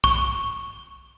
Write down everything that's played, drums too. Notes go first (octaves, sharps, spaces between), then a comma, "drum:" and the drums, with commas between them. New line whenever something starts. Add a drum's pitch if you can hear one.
C#6, drum: kick